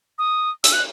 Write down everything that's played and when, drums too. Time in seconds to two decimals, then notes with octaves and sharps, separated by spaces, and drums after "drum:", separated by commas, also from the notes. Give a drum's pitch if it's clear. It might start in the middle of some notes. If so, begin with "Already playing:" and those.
0.18 D#6
0.64 E6, drum: hi-hat
0.73 F#6